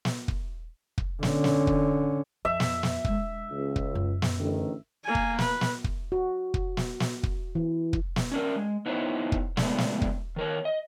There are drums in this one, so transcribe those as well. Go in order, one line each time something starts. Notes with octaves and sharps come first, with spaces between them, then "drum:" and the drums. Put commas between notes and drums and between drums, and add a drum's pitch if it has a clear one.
drum: snare
drum: kick
drum: kick
D3 C#4, drum: snare
drum: snare
drum: kick
F2 E5
drum: snare
drum: snare
G#3 D4, drum: kick
C#2
drum: kick
F#2
drum: snare
A1 D3 D#3
A#3 G#5
drum: kick
B4, drum: snare
drum: snare
drum: kick
F#4
drum: kick
drum: snare
drum: snare
drum: kick
E3
drum: kick
drum: snare
C#4 D4 A#4
G#3
B3 D#4 E4 C5 C#5
drum: kick
C#3 G#3 A3 B3 C4 D4, drum: snare
drum: snare
drum: kick
D#3 A#4 C#5
D#5